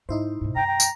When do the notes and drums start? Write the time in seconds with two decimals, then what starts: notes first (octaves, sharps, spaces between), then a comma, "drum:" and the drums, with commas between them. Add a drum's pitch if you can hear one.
0.09 G#2 D#4 E4 C5
0.41 G#2 B2
0.56 F#2 G5 A#5
0.68 G5
0.80 drum: tambourine